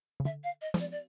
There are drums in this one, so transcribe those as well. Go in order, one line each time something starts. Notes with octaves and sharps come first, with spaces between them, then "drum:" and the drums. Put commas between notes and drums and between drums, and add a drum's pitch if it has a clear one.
C#3
D3 E5
F5
D#5
F3, drum: snare
D5
D5